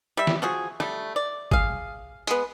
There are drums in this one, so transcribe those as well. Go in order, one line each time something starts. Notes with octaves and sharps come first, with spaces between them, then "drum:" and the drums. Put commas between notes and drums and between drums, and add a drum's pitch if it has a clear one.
G3 E5
drum: snare
F3 F#4 G#4
G3 A3, drum: rim click
D5
G#4 F5, drum: kick
G#3 B3, drum: hi-hat